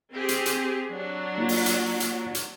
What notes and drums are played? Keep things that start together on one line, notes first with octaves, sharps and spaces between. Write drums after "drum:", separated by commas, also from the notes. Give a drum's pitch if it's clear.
C4 G4 G#4
drum: hi-hat
drum: hi-hat
F#3 D4
A#3 D#4 F4
drum: open hi-hat
drum: hi-hat
drum: hi-hat
drum: hi-hat